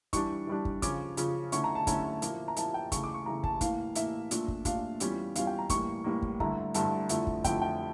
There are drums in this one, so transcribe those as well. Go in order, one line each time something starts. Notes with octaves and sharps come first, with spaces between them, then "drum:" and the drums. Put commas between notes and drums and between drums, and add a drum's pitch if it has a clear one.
E3 G3 D4 C#6, drum: kick, hi-hat
E3 G3 D4
drum: kick
C#3 F3 C#4 F4 D6, drum: kick, hi-hat
C#3 F3 C#4 F4, drum: hi-hat
D3 A3 C#4 E4 C#6, drum: hi-hat
A#5
A5
D3 A3 C#4 E4 A#5, drum: kick, hi-hat
A#2 F3 A#3 E4, drum: hi-hat
A#5
A#2 F3 A#3 E4 A5, drum: hi-hat
G5
C#3 E3 A3 C#6, drum: kick, hi-hat
D6
C#6
C#3 E3 A3 A#5
A5, drum: kick
A2 E3 A#3 F5, drum: kick, hi-hat
A2 E3 A#3 E5, drum: hi-hat
A#2 A3 D4 F4, drum: hi-hat
drum: kick
A#2 A3 D4 F4 F5, drum: kick, hi-hat
E2 E3 G3 C#4 F4, drum: hi-hat
E2 E3 G3 C#4 F4 F5, drum: hi-hat
G5
A#5
A2 E3 G3 A#3 C#6, drum: kick, hi-hat
A2 E3 G3 A#3
drum: kick
G2 D3 A3 E4 A#5, drum: kick
G2 D3 A3 E4 A5, drum: hi-hat
F2 D3 F3 A3 E4, drum: hi-hat
drum: kick
F2 D3 F3 A3 E4 G5, drum: kick, hi-hat
G5